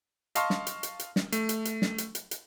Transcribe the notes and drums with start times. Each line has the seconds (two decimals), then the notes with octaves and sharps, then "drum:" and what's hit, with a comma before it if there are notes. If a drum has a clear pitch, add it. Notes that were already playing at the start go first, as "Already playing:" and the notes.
0.35 D#5 F5 A5 C6 C#6 F6, drum: hi-hat
0.50 drum: snare
0.67 drum: hi-hat
0.83 drum: hi-hat
0.99 drum: hi-hat
1.16 drum: snare
1.32 A3, drum: hi-hat
1.49 drum: hi-hat
1.65 drum: hi-hat
1.82 drum: snare
1.98 drum: hi-hat
2.15 drum: hi-hat
2.31 drum: hi-hat